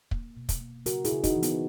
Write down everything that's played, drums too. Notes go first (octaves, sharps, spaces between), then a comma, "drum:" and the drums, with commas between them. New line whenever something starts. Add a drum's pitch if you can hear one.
A#3, drum: kick
B2
drum: kick, hi-hat
A#3
C#3 F#4 A#4, drum: hi-hat
E4 G#4, drum: hi-hat
C#3
D#4 F#4, drum: kick, hi-hat
E3
B3, drum: hi-hat